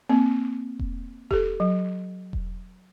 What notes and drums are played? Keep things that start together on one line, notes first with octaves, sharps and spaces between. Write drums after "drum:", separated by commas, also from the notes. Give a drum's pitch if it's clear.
A#3 C4
drum: kick E1
G4 A4, drum: kick E1
F#3
drum: kick E1